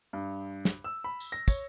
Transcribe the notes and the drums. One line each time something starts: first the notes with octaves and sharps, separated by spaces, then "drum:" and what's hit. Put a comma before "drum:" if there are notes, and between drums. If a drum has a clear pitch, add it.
G2
drum: snare
E6
B5
drum: tambourine
A#6
C#5, drum: kick, tambourine